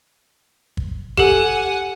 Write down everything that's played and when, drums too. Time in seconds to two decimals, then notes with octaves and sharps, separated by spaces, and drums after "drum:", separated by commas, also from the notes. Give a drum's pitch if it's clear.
0.77 drum: kick G1
1.17 G4 A4 F#5 G#5, drum: kick G1